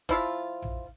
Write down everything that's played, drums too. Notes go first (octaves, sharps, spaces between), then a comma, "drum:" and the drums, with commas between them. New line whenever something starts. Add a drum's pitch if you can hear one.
F3 E4 F4, drum: kick G1
drum: tom A#1